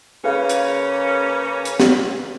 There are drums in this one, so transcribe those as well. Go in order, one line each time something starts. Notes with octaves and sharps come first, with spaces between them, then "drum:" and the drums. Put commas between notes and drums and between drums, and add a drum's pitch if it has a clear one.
C#3 A#3 C#4 G#4 B4 F5
drum: hi-hat
drum: hi-hat
drum: snare